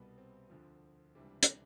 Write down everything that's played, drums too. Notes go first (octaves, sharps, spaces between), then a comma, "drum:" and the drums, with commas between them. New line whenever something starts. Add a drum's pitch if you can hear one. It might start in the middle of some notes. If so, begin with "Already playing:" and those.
Already playing: C2 B2 G3 B3
C4
D2 D3 F3
C#2 C3 E3 G3 D4
drum: hi-hat